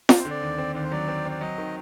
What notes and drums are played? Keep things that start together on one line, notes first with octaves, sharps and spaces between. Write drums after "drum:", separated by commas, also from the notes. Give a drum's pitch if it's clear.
C4 D5, drum: snare F4
C5
D3
D5
D#2
C4
D#2 D5
C5
F#3 D5
C4
C4
D5
F#3 D#5
D#3